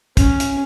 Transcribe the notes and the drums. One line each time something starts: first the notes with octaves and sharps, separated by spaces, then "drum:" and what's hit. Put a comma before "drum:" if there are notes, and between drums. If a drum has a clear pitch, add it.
C#4, drum: kick, hi-hat
drum: hi-hat